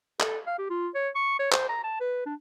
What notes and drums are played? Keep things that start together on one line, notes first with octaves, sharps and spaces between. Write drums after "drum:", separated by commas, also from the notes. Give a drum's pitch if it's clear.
A4, drum: clap
F5
G4
F4
C#5
C#6
C#5
C5, drum: clap
A#5
A5
B4
D4